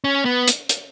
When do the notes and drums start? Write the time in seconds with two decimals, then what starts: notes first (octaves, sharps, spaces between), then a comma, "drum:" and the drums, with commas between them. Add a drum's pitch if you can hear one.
0.04 C#4
0.25 B3
0.48 drum: hi-hat
0.69 drum: hi-hat